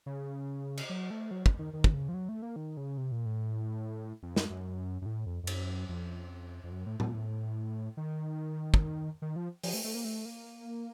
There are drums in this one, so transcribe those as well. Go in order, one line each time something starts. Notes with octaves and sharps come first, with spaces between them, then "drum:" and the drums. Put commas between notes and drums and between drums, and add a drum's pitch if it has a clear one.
C#3
drum: cymbal
F#3
A3
F#3
drum: kick
D#3
D#3
drum: kick
C#3
F3
F#3
A3
A#3
D#3
C#3
C3
A#2
A2
F2
F#2, drum: snare
F#2
F#2
A2
F2
F2
F#2, drum: cymbal
F2
F2
F#2
A2
A2, drum: tom A2
A#2
A2
D#3
drum: kick
D#3
F3
F3, drum: open hi-hat
A3
A3
A#3
A3
A#3